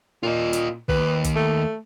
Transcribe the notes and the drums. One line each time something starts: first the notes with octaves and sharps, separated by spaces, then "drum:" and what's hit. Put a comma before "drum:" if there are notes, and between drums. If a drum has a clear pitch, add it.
A#2 F4 D#5
drum: hi-hat
D#2 B4, drum: kick
drum: kick, hi-hat
A3